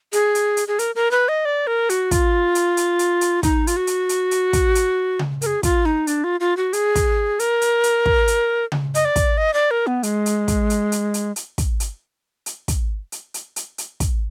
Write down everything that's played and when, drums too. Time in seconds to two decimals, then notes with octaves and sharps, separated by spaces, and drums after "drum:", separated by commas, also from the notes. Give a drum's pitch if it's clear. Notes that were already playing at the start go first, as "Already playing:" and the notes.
0.13 G#4, drum: hi-hat
0.35 drum: hi-hat
0.57 drum: hi-hat
0.68 G#4
0.79 A#4, drum: hi-hat
0.95 A#4
1.11 B4
1.28 D#5
1.45 D5
1.67 A#4
1.90 F#4, drum: hi-hat
2.11 F4, drum: kick, hi-hat
2.55 drum: hi-hat
2.77 drum: hi-hat
2.99 drum: hi-hat
3.21 drum: hi-hat
3.43 D#4, drum: kick, hi-hat
3.67 F4, drum: hi-hat
3.77 F#4
3.87 drum: hi-hat
4.09 drum: hi-hat
4.31 drum: hi-hat
4.53 drum: kick, hi-hat
4.75 drum: hi-hat
5.19 drum: tom C#3
5.42 A#4, drum: hi-hat
5.46 G#4
5.63 F4, drum: kick, hi-hat
5.85 D#4
6.07 D4, drum: hi-hat
6.24 F4
6.40 F4
6.57 F#4
6.73 G#4, drum: hi-hat
6.95 drum: kick, hi-hat
7.39 A#4, drum: hi-hat
7.62 drum: hi-hat
7.84 drum: hi-hat
8.06 drum: kick
8.28 drum: hi-hat
8.72 drum: tom C#3
8.95 D#5, drum: hi-hat
9.05 D5
9.16 drum: kick, hi-hat
9.38 D#5
9.54 D5
9.71 A#4
9.87 B3
10.03 G#3, drum: hi-hat
10.26 drum: hi-hat
10.48 drum: kick, hi-hat
10.70 drum: hi-hat
10.92 drum: hi-hat
11.14 drum: hi-hat
11.36 drum: hi-hat
11.58 drum: kick, hi-hat
11.80 drum: hi-hat
12.46 drum: hi-hat
12.68 drum: kick, hi-hat
13.12 drum: hi-hat
13.34 drum: hi-hat
13.56 drum: hi-hat
13.78 drum: hi-hat
14.00 drum: kick, hi-hat